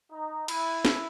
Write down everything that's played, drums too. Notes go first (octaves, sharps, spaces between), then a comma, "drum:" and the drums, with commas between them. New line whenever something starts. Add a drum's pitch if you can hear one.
D#4
E4, drum: cymbal
drum: snare